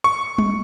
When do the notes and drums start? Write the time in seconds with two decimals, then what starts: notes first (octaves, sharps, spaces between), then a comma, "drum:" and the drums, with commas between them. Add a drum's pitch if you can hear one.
0.04 C#6
0.38 drum: tom G3